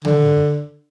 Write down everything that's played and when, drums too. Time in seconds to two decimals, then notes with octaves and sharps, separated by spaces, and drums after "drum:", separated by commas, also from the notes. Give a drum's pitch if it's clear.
0.05 D3, drum: tom